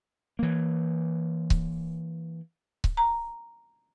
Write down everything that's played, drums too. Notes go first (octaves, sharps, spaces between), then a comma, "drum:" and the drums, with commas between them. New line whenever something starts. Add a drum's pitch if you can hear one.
E3 A#3
drum: kick C#1
drum: kick C#1
A#5